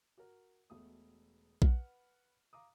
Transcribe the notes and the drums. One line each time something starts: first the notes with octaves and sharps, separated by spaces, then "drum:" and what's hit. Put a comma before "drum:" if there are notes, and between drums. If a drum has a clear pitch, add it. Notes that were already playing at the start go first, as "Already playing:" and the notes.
F#4 A#4
E1 B2 A3 D#6
B4 F#5 B5 F6, drum: kick A#1
F5 A#5 D6 D#6